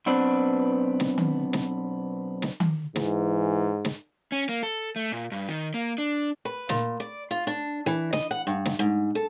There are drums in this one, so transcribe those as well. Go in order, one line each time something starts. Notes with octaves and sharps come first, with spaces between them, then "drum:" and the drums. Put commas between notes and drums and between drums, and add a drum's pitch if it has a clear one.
B1 B3 C4 D4 B4
drum: snare
drum: tom D#3
drum: snare
drum: snare
drum: tom D#3
G#2 E3, drum: snare
drum: snare
C#4
A#3
A4
A3
A#2
G2
D#3
A#3
D4
B4
A#2, drum: snare
D5
F4
D4
E3
D#5, drum: snare
F#5
G2
drum: snare
G#2
A4